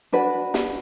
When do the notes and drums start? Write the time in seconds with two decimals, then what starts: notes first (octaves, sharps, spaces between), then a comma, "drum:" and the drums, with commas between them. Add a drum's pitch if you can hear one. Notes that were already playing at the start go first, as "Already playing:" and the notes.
0.12 D4 F#4 B4
0.54 drum: snare